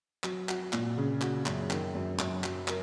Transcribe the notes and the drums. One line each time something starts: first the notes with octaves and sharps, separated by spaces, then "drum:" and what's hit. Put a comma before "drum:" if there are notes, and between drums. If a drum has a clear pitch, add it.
F#3, drum: clap
F#4, drum: clap
A#2, drum: clap
C#3
F#4, drum: clap
F#2, drum: clap
D#3, drum: clap
F#2
F#2, drum: clap
F#3, drum: clap
A#4, drum: clap